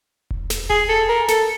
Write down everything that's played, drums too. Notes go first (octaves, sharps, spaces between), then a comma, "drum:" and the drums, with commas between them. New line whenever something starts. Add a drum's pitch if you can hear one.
drum: kick E1
drum: snare
G#4, drum: kick E1
A4
A#4
A4, drum: snare